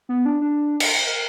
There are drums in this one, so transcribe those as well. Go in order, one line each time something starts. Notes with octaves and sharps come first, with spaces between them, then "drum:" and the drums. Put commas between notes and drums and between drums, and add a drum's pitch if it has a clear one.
B3
D4
D4
drum: cymbal
A#4